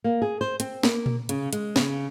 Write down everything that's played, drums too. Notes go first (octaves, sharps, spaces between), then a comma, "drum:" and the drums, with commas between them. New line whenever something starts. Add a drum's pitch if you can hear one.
A#3
G#4
C5
C4, drum: hi-hat
A#3, drum: snare
drum: tom A#2
C#3, drum: hi-hat
G#3, drum: hi-hat
C#3, drum: snare